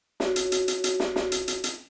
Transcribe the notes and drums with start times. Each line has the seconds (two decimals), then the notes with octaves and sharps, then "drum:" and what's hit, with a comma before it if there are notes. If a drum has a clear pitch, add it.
0.20 F#4 C#5, drum: snare
0.36 drum: hi-hat
0.52 drum: hi-hat
0.68 drum: hi-hat
0.84 drum: hi-hat
1.00 drum: snare
1.16 drum: snare
1.32 drum: hi-hat
1.48 drum: hi-hat
1.64 drum: hi-hat